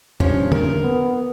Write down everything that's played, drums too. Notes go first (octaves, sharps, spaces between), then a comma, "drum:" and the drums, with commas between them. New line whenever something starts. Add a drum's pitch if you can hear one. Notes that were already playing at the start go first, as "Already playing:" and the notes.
G2 F3 C#4, drum: tom E2
A#4, drum: tom D3
B3